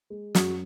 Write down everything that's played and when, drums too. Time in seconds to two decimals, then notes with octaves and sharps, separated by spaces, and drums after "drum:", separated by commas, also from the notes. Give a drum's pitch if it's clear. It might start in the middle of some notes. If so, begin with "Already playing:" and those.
0.10 G#3
0.35 F#2 F#4, drum: snare